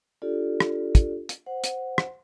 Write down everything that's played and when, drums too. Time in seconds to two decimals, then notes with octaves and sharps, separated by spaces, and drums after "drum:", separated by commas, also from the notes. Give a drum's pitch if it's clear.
0.22 D4 F4 G4 A4 D5
0.60 drum: rim click
0.95 drum: kick, hi-hat
1.29 drum: hi-hat
1.46 C5 F#5
1.64 drum: hi-hat
1.98 drum: rim click